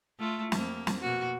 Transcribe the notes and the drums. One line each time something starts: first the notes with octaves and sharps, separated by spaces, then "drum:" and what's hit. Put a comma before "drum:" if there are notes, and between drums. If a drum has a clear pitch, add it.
A3 F4
F2 A#3, drum: snare
drum: snare
B2 A#3 F#4